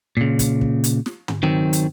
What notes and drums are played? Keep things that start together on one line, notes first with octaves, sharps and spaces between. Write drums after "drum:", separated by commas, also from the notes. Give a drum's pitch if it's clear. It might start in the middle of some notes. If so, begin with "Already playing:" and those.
A#2 C#3
drum: kick, hi-hat
drum: kick
drum: hi-hat
drum: snare
drum: tom
D#3 F#3 C4
drum: hi-hat